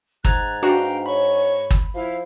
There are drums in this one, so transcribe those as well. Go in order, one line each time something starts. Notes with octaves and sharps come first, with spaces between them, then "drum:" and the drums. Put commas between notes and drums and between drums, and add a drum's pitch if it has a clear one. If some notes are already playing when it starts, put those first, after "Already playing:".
G#2 A#5 F#6 G#6 A6, drum: kick
D4 F#4 B4 F5 G5 A#5
C#5 B5 C#6
drum: kick
F3 E4 F5